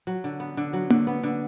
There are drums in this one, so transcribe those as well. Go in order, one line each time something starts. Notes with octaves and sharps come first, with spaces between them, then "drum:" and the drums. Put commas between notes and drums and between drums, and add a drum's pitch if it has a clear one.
F#3
D3
B3
D3
F#3
D3, drum: tom A#3
B3
D3